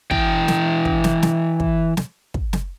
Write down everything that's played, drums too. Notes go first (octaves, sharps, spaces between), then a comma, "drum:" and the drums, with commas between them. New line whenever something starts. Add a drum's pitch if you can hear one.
E3 G5, drum: kick
drum: snare
drum: kick
drum: snare
drum: snare
drum: kick
drum: snare
drum: kick
drum: snare